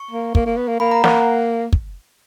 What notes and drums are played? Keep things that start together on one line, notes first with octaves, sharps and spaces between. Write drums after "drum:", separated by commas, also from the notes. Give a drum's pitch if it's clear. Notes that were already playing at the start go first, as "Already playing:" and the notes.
Already playing: C#6
A#3
A#3, drum: kick
A#3
B3
A#3
A#3 B5
A#5
A#3 F#5, drum: snare
drum: kick